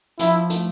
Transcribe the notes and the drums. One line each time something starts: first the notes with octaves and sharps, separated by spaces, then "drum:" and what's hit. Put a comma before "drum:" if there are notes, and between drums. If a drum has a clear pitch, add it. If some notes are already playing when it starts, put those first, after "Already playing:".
F3 E4, drum: hi-hat
A3, drum: hi-hat